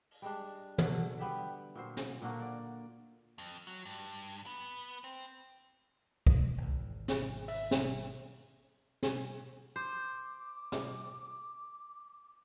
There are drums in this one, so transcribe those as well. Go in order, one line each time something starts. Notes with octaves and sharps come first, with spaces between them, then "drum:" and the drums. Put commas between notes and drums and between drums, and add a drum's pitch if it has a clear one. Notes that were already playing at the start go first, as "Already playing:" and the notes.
drum: open hi-hat
G3 G#3 D4
D3 F#3 G#4, drum: tom
G3 B3 G4 E5
A#2 F#3 C5
drum: snare
A#2 D3 A#3 F#4
D5
F2
F#3
G2
B3
C4
drum: kick
G#1 E2
drum: snare
E5, drum: open hi-hat
drum: snare
drum: snare
C5 D6
drum: snare